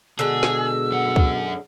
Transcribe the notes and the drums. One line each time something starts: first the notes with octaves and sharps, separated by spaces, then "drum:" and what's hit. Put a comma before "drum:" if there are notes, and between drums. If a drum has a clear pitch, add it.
B2 D3 G#3 G#4 E6
drum: snare
F#2 F#5
drum: kick C#2